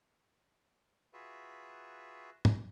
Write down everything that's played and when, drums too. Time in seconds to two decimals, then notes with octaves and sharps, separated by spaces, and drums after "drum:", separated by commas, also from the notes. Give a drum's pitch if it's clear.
1.13 F4 F#4 G#4 B4 E5
2.45 drum: tom